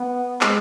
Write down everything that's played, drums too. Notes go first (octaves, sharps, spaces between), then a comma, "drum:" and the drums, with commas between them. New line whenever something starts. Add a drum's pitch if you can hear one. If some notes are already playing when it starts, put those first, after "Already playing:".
Already playing: B3
G#3, drum: clap